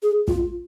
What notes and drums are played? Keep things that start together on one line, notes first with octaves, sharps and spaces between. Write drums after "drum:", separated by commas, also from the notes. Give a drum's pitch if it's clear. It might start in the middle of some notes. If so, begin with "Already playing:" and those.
G#4
F4, drum: kick